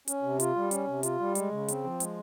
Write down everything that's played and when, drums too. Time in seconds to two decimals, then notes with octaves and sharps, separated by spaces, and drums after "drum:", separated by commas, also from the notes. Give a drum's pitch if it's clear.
0.08 C#4, drum: hi-hat
0.22 C3
0.40 F4, drum: hi-hat
0.56 G3
0.71 C#4, drum: hi-hat
0.87 C3
1.03 F4, drum: hi-hat
1.19 G3
1.35 G#3, drum: hi-hat
1.51 C#3
1.68 C4, drum: hi-hat
1.84 F3
2.00 G#3, drum: hi-hat